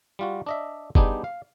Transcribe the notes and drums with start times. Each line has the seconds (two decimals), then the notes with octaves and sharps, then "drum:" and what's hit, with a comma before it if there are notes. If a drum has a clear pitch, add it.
0.19 G3 F4 F#4
0.46 D4 D#5 E5
0.95 G3 B3 D4 D#4 G4 G#4, drum: kick
1.24 F5